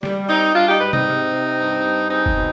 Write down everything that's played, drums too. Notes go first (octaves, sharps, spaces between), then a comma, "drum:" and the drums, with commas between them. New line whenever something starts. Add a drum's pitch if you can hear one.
G3, drum: snare
G3 C4 D#4
G3 D4 F4
D#4 G4
G#2 G4 B4
C4 D#4, drum: tom
C3
C3
G2
G2
G#3 C4 D#4
drum: kick F#1
B2